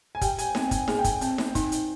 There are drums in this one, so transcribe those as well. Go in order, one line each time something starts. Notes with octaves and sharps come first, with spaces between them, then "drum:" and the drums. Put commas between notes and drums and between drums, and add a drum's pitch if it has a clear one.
G#5
G4 G5, drum: kick, hi-hat
G#5, drum: hi-hat
C4 G#5, drum: snare D#4
G#5, drum: kick, hi-hat
G#4 G#5, drum: snare D#4
G5
G#5, drum: kick, hi-hat
C4 G5, drum: hi-hat
drum: snare D#4
D#4, drum: kick, hi-hat
drum: hi-hat